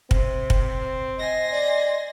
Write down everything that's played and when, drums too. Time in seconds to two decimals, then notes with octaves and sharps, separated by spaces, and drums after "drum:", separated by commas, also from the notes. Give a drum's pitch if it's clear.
0.11 C3 C4, drum: kick
0.50 drum: kick
1.18 D#5 G#5 C6 A#6
1.52 D5